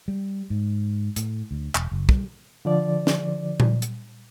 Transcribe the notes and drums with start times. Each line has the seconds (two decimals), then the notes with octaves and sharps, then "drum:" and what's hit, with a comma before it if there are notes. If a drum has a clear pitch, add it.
0.08 G3
0.50 G#2
1.16 A2, drum: hi-hat
1.51 D2
1.75 E1, drum: clap
1.92 F#1
2.09 G3, drum: kick
2.65 D3 F3 D5
3.07 drum: snare
3.60 drum: tom A#2
3.82 drum: hi-hat